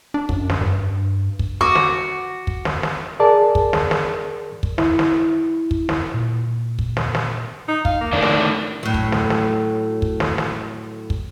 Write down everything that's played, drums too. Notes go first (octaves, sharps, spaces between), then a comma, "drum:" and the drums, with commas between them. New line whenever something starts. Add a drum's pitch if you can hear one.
D4
F#2, drum: kick
drum: snare
G2
drum: kick
F#4 D6
drum: snare
drum: kick
drum: snare
drum: snare
G#4 A#4 D5 A5
drum: kick
drum: snare
drum: snare
drum: kick
E4, drum: snare
drum: snare
drum: kick
drum: snare
A#2
drum: kick
drum: snare
drum: snare
D#4
F5, drum: kick
A#3
A2 D#3 D4 D5
drum: snare
A2 F#3
drum: kick
drum: snare
drum: snare
drum: kick
drum: snare
drum: snare
drum: kick